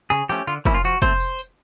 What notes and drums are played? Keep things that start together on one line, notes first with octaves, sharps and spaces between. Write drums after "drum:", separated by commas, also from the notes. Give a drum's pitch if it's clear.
C#3 G#4, drum: tambourine
F3 A3 C#4 G4, drum: tambourine
D3 F4, drum: tambourine
F3 A#3 C#4 E4, drum: kick
F4
F3 F#4, drum: tambourine
A3 C4 C5, drum: kick, tambourine
drum: tambourine
drum: tambourine